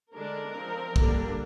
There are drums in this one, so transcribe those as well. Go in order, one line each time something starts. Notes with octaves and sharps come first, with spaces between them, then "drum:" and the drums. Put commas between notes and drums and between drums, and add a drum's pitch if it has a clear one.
D3 G#3 D4 A#4
F3 C4
D3 G3 A#3 D4, drum: kick